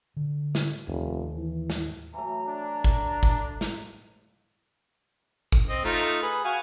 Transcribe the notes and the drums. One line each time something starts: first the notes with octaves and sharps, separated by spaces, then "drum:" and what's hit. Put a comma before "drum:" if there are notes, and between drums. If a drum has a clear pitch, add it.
D3
drum: snare
F1 D#2
E3
drum: snare
E3 F#3 A3 A#5
D4
drum: kick G1
drum: kick G1
drum: snare
drum: kick G1
C4 D#5
A3 D#4 F4
G#4 B4
F#4 F5 G#5